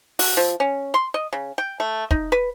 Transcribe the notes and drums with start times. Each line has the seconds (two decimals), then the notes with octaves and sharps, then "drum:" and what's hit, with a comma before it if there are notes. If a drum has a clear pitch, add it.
0.19 F#4, drum: open hi-hat
0.37 F3
0.60 C#4
0.94 C6
1.14 D#5
1.33 C#3
1.58 G5
1.80 A3
2.11 D#4, drum: kick
2.32 B4